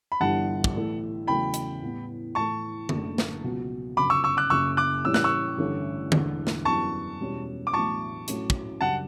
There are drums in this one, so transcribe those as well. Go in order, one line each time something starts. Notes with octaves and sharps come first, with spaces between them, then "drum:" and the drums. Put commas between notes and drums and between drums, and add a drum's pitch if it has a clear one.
B5
G1 G2 E3 G3 D4 F#5 A5
drum: kick
A2 E3 A3
E2 C#3 F#3 A3 G5 B5
drum: hi-hat
A2 G3 B3
A2 E3 A3 A5 C#6
F#1 F#2 D3 A3, drum: tom D3
drum: snare
C#2 B2 F#3 B3 F#4
G1 F#2 C#3 B5 D6
C#6 E6
C#6 E6
D6 F#6
F#1 F#2 C#3 C#6 E6
D6 F#6
A2 E3 G3 C#4 E6
F#6, drum: snare
C#6 E6
A1 G2 D3 A3 C#4
E1 E2 D3, drum: tom D3
drum: snare
F#2 E3 G3 B3 D4 A5 C#6
E1 E2 B2 G3 C#4
D6
A1 A2 F#3 B3 D4 A5 C#6
A2 F#3 A3 C#4 F#4, drum: hi-hat
drum: kick
F#2 C#3 G3 D4 F#5 A5